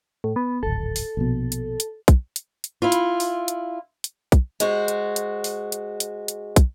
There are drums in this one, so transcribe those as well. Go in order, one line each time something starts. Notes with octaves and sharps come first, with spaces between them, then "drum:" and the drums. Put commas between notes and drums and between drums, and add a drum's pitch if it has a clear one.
A2
B3
D1 G#1 A4
drum: open hi-hat
A#1 B2
drum: hi-hat
drum: hi-hat
drum: kick, hi-hat
drum: hi-hat
drum: hi-hat
E4 F4
drum: hi-hat
drum: open hi-hat
drum: hi-hat
drum: hi-hat
drum: kick, hi-hat
G#3 F#4 C5, drum: hi-hat
drum: hi-hat
drum: hi-hat
drum: open hi-hat
drum: hi-hat
drum: hi-hat
drum: hi-hat
drum: kick, hi-hat